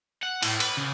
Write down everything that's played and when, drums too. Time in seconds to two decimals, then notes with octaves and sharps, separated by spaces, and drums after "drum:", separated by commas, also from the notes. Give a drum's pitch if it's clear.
0.23 F#5
0.43 A2, drum: cymbal
0.60 B4, drum: cymbal
0.77 C#3